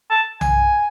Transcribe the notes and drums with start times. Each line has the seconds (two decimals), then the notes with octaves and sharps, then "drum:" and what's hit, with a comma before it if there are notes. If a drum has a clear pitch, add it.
0.10 A5
0.41 G#5, drum: tom B1